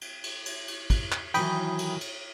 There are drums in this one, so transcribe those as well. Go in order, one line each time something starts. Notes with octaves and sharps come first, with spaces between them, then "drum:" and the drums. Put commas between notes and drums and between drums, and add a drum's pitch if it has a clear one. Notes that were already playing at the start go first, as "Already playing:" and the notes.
drum: cymbal
drum: cymbal
drum: cymbal
drum: cymbal
drum: kick, cymbal
drum: clap
D#3 E3 F#3 G5 B5 D#6, drum: cymbal
drum: cymbal
drum: cymbal